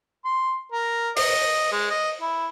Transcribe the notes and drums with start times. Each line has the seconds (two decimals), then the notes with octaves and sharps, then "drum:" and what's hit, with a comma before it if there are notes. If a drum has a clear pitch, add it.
0.25 C6
0.72 A#4
1.16 D#5, drum: open hi-hat
1.72 G#3
1.91 D#5
2.21 E4